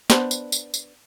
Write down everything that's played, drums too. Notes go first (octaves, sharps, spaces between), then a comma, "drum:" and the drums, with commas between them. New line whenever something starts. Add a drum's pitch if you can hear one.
B3 D4 C5, drum: snare
drum: tambourine
drum: tambourine
drum: tambourine